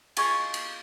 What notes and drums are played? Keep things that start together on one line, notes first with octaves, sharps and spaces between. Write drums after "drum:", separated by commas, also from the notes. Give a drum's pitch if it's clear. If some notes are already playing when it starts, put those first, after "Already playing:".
F4 G#4 D#5 C#6, drum: cymbal
drum: cymbal